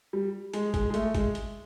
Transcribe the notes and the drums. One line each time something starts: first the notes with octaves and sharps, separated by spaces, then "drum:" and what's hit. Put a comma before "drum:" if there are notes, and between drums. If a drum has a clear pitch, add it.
G3
G#3, drum: hi-hat
G#3, drum: kick G#1, hi-hat
G#3
A3, drum: hi-hat
G#3, drum: kick G#1, hi-hat
drum: hi-hat